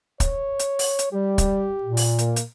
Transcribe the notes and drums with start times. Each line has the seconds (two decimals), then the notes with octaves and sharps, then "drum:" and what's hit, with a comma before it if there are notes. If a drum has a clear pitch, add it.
0.20 C#5, drum: kick, hi-hat
0.59 drum: hi-hat
0.79 drum: open hi-hat
0.99 drum: hi-hat
1.13 G3 G4
1.38 drum: kick, hi-hat
1.83 A#2
1.97 drum: open hi-hat
2.18 A#3, drum: hi-hat
2.36 drum: hi-hat